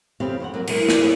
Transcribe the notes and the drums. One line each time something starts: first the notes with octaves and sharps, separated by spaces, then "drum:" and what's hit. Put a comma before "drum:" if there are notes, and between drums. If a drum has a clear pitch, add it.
F2 C#3 C4 G4 B4 F5
D#2 C5 F#5
F#3 A#3
E3 F#3 G#3 A#3 B3 D4, drum: cymbal
E4 F4 D5, drum: snare
B3 C#4 F4 G#4 E5